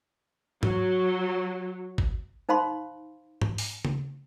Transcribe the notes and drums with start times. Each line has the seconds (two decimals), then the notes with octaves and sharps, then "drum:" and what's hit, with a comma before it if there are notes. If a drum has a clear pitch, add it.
0.63 F#3, drum: tom G#2
1.98 drum: kick
2.49 D#4 C5 F5 B5 C6
3.42 drum: tom G#2
3.58 drum: open hi-hat
3.85 drum: tom C#3